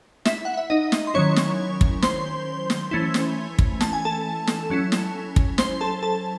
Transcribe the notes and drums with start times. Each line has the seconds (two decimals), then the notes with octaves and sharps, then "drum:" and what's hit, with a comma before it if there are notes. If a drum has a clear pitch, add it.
0.25 E4 E5, drum: snare
0.45 F#5
0.57 E5
0.70 D#4 D#5
0.92 drum: snare
1.07 C6
1.14 D#3 F#3 C#4 E4 C#5 C#6
1.36 drum: snare
1.81 drum: kick
2.02 C5 C6, drum: snare
2.70 drum: snare
2.91 E3 A3 C#4 E4
3.14 drum: snare
3.59 drum: kick
3.81 A5, drum: snare
3.93 G#5
4.05 A4 A5
4.47 drum: snare
4.70 F#3 C#4 E4
4.92 drum: snare
5.36 drum: kick
5.58 C5 C6, drum: snare
5.81 A4 A5
6.02 A4 A5